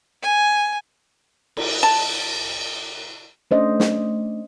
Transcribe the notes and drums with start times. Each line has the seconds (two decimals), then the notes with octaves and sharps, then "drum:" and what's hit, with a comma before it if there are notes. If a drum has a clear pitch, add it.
0.24 G#5
1.57 drum: cymbal
1.83 A5
3.51 A3 C#4 D4 C5 D5 D#5
3.80 drum: snare